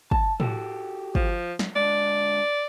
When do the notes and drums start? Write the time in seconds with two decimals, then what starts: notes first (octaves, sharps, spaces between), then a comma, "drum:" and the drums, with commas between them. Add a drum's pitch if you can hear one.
0.11 A5, drum: kick
0.40 F#4 G4 A4, drum: tom A2
1.15 F3, drum: kick
1.59 drum: snare
1.76 D3 G#3 D5